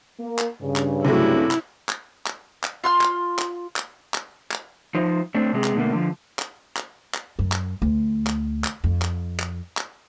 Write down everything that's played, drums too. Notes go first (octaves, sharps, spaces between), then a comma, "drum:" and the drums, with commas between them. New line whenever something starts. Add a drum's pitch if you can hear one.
A#3
drum: clap
G2 C#3
drum: clap
C3 F#3 A3 E4
drum: clap
drum: clap
drum: clap
drum: clap
F4 C6 F6
drum: clap
drum: clap
drum: clap
drum: clap
drum: clap
F3 D#4 C5
A3 C4 D4
C3 G#3
drum: clap
B2 D3 A3 A#3
D3 F3
drum: clap
drum: clap
drum: clap
F#2
drum: clap
D2
drum: clap
drum: clap
F2
drum: clap
drum: clap
drum: clap